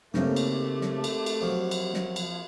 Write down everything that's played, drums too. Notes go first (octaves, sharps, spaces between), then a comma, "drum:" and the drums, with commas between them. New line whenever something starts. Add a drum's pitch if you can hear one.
A2 C#3 A3 A#3 C4 D#4 G4, drum: snare
drum: cymbal
drum: snare
drum: cymbal
drum: cymbal
F3 F#3
drum: cymbal
drum: snare
F3, drum: cymbal